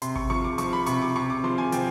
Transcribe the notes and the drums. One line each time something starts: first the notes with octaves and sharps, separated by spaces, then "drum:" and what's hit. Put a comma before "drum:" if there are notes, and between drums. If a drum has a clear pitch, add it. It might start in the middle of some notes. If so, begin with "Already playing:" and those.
C3 C6, drum: hi-hat
C#6, drum: kick G#1
F3 C#6
D6
F3 C#6, drum: hi-hat
B5
C3 C#6, drum: hi-hat
D6
C3 C#6
D6
F3 C6
G#5
F3 G5, drum: hi-hat